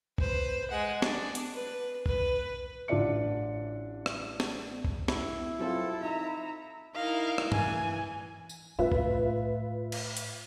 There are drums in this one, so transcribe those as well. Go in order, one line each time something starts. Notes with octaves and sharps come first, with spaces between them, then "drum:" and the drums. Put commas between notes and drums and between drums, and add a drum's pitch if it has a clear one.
B4 C5, drum: kick
G#3 F#5
D4 D5, drum: snare
drum: hi-hat
B4
B4, drum: kick
A1 D4 F4 D5 E5 C#7
drum: rim click
drum: snare
drum: kick
E4, drum: snare
F#3 C4 F4 A4
D#4 E5 A#5
D#4 E4 A#4 F5
drum: rim click
E3 G#5, drum: tom G2
drum: tambourine
A2 F4 B4 E5
drum: kick
drum: cymbal
drum: hi-hat